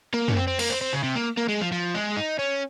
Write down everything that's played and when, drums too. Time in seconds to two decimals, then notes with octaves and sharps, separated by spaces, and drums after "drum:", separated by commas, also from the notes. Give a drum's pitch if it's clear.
0.14 A#3
0.28 C#4, drum: tom
0.36 C4
0.47 C4
0.59 A#3, drum: cymbal
0.69 C4
0.81 C4
0.93 C#3
1.04 C3
1.16 A#3
1.38 A#3
1.49 G#3
1.61 F3
1.72 F3
1.95 G#3
2.17 D#4
2.39 C#4